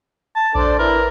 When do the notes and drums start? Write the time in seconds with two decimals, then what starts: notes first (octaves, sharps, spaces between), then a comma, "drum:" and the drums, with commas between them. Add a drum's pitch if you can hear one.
0.36 A5
0.55 D4 A4 C5 D5, drum: kick A#1
0.79 E4 A#4 B4